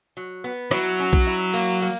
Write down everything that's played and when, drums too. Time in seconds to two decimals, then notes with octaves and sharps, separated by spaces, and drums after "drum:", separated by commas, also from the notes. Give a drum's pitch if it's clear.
0.17 F#3
0.44 B3
0.71 F#3 E4, drum: rim click
0.99 C#4
1.13 drum: kick B1
1.27 E4
1.54 A#3, drum: cymbal
1.82 A#3